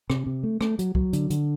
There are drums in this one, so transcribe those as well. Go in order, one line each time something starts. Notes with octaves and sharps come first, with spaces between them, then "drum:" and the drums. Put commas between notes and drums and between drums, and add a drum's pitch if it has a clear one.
C3, drum: rim click
C3
A3
A3, drum: rim click
F#3, drum: hi-hat
F#3, drum: kick
D3, drum: hi-hat
D3, drum: hi-hat